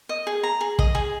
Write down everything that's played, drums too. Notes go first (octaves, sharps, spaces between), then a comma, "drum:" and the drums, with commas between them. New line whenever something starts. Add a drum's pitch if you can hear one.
D#5
G#4
A#5
G#4
D#5, drum: kick
G#4